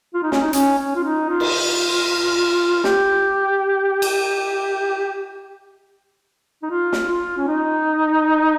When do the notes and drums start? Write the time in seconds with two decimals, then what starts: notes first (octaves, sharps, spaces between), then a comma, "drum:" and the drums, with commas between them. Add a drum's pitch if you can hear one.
0.14 F4
0.23 D#4
0.32 C#4, drum: snare
0.41 D#4
0.53 C#4, drum: hi-hat
0.78 C#4
0.95 F4
1.04 D#4
1.30 F4
1.40 drum: cymbal
2.84 G4, drum: snare
4.02 drum: cymbal
6.63 D#4
6.70 F4
6.92 drum: snare
7.09 F4
7.37 C#4
7.48 D#4